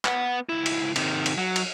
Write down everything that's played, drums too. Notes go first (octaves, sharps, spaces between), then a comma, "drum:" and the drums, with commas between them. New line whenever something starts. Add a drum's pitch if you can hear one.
B3 F#5, drum: clap
C#2 E4
drum: cymbal
C3 D#3, drum: cymbal
drum: cymbal
F#3
drum: cymbal